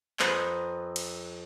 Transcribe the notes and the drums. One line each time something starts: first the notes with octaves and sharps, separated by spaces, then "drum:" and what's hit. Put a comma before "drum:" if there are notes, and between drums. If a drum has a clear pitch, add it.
F2 B4 A#5 B5 D#6, drum: clap
drum: cymbal